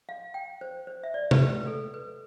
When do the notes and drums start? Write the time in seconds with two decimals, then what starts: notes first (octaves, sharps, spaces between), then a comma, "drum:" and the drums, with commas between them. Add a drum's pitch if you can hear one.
0.09 F5
0.34 G5
0.61 C5
0.87 C5
1.04 E5
1.14 D5
1.31 B4, drum: tom C3
1.50 B4
1.67 A4
1.94 B4